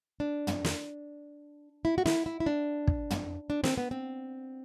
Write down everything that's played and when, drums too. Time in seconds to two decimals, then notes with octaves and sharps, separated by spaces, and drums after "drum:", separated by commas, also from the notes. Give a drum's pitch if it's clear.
0.20 D4
0.47 drum: tom
0.65 drum: snare
1.85 E4
1.98 F#4
2.06 E4, drum: snare
2.26 E4
2.40 E4
2.46 D4
2.87 drum: kick
3.10 drum: tom
3.50 D4
3.64 C4, drum: snare
3.78 B3
3.91 C4